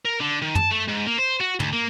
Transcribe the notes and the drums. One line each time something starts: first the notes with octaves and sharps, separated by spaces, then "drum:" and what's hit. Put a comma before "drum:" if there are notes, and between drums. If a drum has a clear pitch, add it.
A#4
D3
D#3
A5, drum: tom
A3
G#2
A#3
C5
F#4
D2, drum: tom
A#3